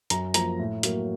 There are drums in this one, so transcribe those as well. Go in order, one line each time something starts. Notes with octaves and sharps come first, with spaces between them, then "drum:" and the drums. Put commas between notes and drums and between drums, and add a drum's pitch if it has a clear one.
F#2 A#5, drum: hi-hat
F3 A#3 A#5, drum: hi-hat
A2
F#3 A#3, drum: hi-hat